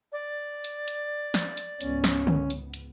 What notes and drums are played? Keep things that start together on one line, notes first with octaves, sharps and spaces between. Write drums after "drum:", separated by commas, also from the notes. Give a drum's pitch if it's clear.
D5
drum: hi-hat
drum: hi-hat
drum: snare
drum: hi-hat
C#2 G#2 B3 C#4, drum: hi-hat
drum: snare
drum: tom D3
drum: hi-hat
drum: hi-hat